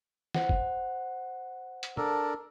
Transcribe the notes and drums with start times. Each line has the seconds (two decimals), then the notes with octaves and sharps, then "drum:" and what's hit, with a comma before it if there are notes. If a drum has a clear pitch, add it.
0.34 C5 F#5, drum: snare
0.49 drum: kick
1.83 drum: hi-hat
1.97 D4 A4 A#4, drum: tom